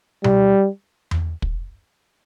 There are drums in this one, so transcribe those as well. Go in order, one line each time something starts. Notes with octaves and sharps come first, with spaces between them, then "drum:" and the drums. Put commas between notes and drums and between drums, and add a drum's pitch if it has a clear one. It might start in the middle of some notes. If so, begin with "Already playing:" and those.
G3, drum: tom B2
drum: tom E2
drum: kick